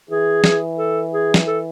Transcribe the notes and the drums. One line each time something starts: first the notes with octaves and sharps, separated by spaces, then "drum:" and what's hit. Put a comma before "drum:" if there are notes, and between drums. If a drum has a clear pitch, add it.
E3 G#4
E3, drum: snare
A4
G#4
drum: snare
A4